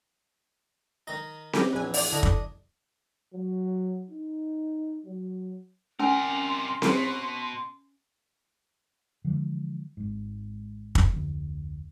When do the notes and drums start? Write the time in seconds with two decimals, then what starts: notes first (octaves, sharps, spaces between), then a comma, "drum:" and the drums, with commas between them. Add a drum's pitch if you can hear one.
1.07 D#3 D#4 A#6
1.53 G4 G#4 D#5, drum: snare C4
1.73 A#1 E2 B4 G#5
1.94 D5, drum: open hi-hat
2.12 D3 D4 E4 D#5 G#6
2.23 drum: kick
3.33 F#3
4.11 D#4
5.06 F#3
5.99 C3 C#4 A#4 G#5 C6
6.82 B2, drum: snare C4
9.24 D3 E3 F3 G#3
9.97 G#1 G#2
10.95 drum: kick
11.12 F1 D2